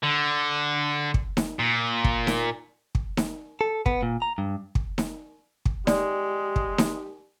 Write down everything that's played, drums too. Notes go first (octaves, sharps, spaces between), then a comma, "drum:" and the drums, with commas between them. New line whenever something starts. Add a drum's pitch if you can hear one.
D3
drum: kick
drum: snare D#4
A#2
drum: kick
drum: snare D#4
drum: kick
drum: snare D#4
A4
B3, drum: kick
A#2
A#5
G2
drum: kick
drum: snare D#4
drum: kick
G#3 G4 D5, drum: snare D#4
drum: kick
drum: snare D#4